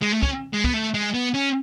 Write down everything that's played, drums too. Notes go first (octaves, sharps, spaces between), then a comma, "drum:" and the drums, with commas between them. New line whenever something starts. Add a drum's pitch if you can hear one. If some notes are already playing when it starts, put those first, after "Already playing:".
G#3
A3
C#4, drum: kick
G#3
B3, drum: kick
A3
G#3
B3
C#4